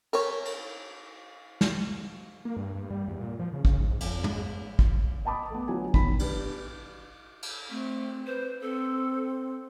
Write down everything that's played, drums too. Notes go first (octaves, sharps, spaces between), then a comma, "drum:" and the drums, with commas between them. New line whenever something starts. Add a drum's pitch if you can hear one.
A#4 C#5, drum: cymbal
drum: cymbal
drum: snare
A#3
G2
G2
G3
E2
A#2
F3
C#3
C#3, drum: kick
G#2
F2, drum: cymbal
G#3, drum: tom
drum: kick
D#5 G5 A5 B5 D6 D#6
A3 B3
D3 F#3 B3 F4 G#5
B1 D#3 B5 B6, drum: kick
D4 G4 B4, drum: cymbal
drum: cymbal
A3 C4
B4 C5
C4 A4